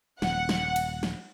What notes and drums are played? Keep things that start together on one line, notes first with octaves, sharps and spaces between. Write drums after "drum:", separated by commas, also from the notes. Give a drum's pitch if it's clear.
D#1 F#5, drum: snare
drum: snare
drum: cymbal
drum: snare